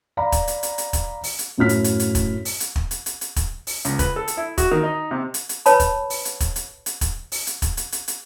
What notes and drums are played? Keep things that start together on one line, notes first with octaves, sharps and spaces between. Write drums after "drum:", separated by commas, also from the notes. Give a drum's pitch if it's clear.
D5 F5 A#5 B5
drum: kick, hi-hat
drum: hi-hat
drum: hi-hat
drum: hi-hat
drum: kick, hi-hat
drum: open hi-hat
drum: hi-hat
F#2 A2 E4 F6 B6
drum: hi-hat
drum: hi-hat
drum: hi-hat
drum: kick, hi-hat
drum: open hi-hat
drum: hi-hat
drum: kick
drum: hi-hat
drum: hi-hat
drum: hi-hat
drum: kick, hi-hat
drum: open hi-hat
C#2, drum: hi-hat
B4, drum: kick, hi-hat
A4
drum: hi-hat
E4
F#4, drum: kick, hi-hat
D#3
D#4
C3
drum: hi-hat
drum: hi-hat
B4 C#5 A5 B5, drum: hi-hat
drum: kick, hi-hat
drum: open hi-hat
drum: hi-hat
drum: kick, hi-hat
drum: hi-hat
drum: hi-hat
drum: kick, hi-hat
drum: open hi-hat
drum: hi-hat
drum: kick, hi-hat
drum: hi-hat
drum: hi-hat
drum: hi-hat